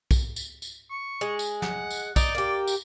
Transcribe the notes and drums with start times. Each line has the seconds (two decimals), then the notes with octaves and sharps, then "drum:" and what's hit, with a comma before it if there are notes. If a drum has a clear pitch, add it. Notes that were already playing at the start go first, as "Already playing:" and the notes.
0.11 drum: kick, tambourine
0.36 drum: tambourine
0.62 drum: tambourine
0.90 C#6
1.21 G#3
1.39 drum: tambourine
1.62 F#5, drum: snare
1.90 drum: tambourine
2.16 D#4 D5, drum: kick, tambourine
2.35 A#3 G4
2.67 drum: tambourine